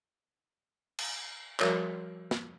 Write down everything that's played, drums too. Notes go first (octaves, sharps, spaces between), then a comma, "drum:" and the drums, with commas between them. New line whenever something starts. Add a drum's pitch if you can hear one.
drum: cymbal
F3 G3 F#4 A#4 C#5, drum: clap
drum: snare